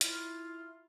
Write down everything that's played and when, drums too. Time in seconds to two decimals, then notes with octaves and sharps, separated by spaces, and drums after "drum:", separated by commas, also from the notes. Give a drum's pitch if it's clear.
0.01 E4 F4, drum: hi-hat